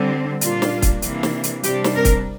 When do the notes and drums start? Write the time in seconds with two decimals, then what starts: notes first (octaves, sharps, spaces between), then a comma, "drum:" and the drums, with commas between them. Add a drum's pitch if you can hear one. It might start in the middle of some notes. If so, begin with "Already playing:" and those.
Already playing: D3 G3 C4
0.41 A#2 G3 A#3 D4 F4, drum: hi-hat
0.62 drum: snare
0.82 drum: kick, hi-hat
1.02 C3 E3 A#3 D4, drum: hi-hat
1.23 drum: snare
1.44 drum: hi-hat
1.63 C3 G3 D4 G4, drum: hi-hat
1.84 drum: snare
1.95 A#4
2.05 drum: kick, hi-hat